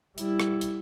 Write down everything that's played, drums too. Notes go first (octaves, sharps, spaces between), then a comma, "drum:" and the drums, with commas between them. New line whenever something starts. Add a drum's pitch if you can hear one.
G3 E4, drum: hi-hat
drum: rim click
drum: hi-hat